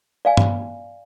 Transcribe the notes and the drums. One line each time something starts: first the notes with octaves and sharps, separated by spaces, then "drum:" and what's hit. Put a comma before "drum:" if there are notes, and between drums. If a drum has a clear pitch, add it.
D5 F5 G#5
drum: tom G2